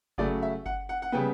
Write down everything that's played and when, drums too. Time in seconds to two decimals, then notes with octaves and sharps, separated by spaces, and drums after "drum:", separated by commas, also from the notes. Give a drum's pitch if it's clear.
0.18 C#3 F#3 A3 D5, drum: kick G1
0.43 E5
0.66 F#5, drum: kick G1
0.89 F#5
1.02 F#5
1.12 C#3 G3 B3 G5